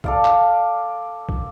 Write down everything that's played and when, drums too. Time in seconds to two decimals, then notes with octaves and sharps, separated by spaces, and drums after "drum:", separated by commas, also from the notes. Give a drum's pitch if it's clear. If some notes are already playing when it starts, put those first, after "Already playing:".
0.04 A4 D5 F5, drum: kick
0.25 drum: clap
1.29 drum: kick